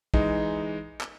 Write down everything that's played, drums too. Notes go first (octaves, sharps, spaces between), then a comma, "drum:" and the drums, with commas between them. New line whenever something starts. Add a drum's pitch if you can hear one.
E3 G#3 D#4, drum: kick A#1
drum: clap